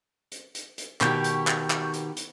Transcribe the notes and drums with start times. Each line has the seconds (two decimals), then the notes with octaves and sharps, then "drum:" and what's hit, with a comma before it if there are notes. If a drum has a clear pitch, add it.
0.32 drum: hi-hat
0.55 drum: hi-hat
0.78 drum: hi-hat
1.01 B2 D#3 G4 C#6 G6, drum: clap
1.24 drum: hi-hat
1.47 drum: clap
1.70 drum: clap
1.93 drum: hi-hat
2.17 drum: hi-hat